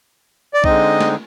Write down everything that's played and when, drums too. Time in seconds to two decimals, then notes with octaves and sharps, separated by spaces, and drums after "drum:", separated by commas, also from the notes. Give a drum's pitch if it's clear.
0.54 D5
0.64 D3 G#3 C4 D#4 D#5, drum: kick B1
1.01 drum: snare